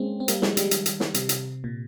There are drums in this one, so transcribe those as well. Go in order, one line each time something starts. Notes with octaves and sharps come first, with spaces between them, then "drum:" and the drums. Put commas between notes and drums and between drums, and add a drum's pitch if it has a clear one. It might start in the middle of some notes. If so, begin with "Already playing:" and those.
Already playing: G#3 A#3 C4 C#4
C4
G3 A#3, drum: hi-hat
F3 G#3, drum: snare
D#3 G3, drum: hi-hat
drum: hi-hat
drum: hi-hat
drum: snare
C3, drum: hi-hat
drum: hi-hat
A#2